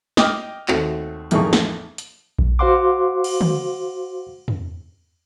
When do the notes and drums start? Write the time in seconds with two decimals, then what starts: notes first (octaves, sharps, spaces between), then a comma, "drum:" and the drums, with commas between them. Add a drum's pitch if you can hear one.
0.17 D#5 G5 D6 F6, drum: snare
0.68 D#2 A3 C4 F#4, drum: clap
1.31 A1 F2 A#3 D#4 G#4 C#6, drum: hi-hat
1.53 drum: snare
1.98 drum: hi-hat
2.39 drum: kick A#1
2.59 F#4 C5 F5 F#5 C6 D6
3.24 drum: cymbal
3.41 drum: tom
4.48 drum: tom